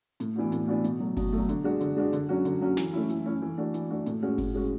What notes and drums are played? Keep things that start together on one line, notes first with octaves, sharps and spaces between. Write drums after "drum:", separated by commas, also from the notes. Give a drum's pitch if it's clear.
A2, drum: hi-hat
E3 B3 D4 F#4
A2, drum: hi-hat
E3 B3 D4 F#4
B2, drum: hi-hat
F#3 A3
B2, drum: kick G1, open hi-hat
F#3 A3
D3, drum: hi-hat
G#3 D4 F#4
D3, drum: hi-hat
G#3 D4 F#4
D3, drum: hi-hat
F#3 C#4 F#4
D3, drum: hi-hat
F#3 C#4 F#4
E3, drum: snare
A3 C#4 E4
E3, drum: hi-hat
A3 C#4 E4
E3
A3 D4 F#4
E3, drum: hi-hat
A3 D4 F#4
A2, drum: hi-hat
G#3 C#4 F#4
A2, drum: kick G1, open hi-hat
G#3 C#4 F#4